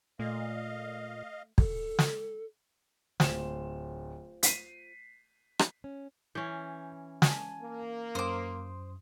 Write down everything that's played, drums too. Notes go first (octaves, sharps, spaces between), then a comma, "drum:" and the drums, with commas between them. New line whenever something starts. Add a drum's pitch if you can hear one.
A#2 A3 D#5 F5
A4, drum: kick
drum: snare
D1 F4 C5 E7, drum: snare
B6 C7 D#7, drum: hi-hat
drum: rim click
C#4
E3 C#4 G6
G#5 A5, drum: snare
A#3
F#2 C5 C6 D6 D#6